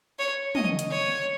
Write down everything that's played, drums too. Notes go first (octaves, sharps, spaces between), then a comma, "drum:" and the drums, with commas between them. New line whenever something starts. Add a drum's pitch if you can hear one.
C#5
D#5, drum: tom
drum: hi-hat
C#5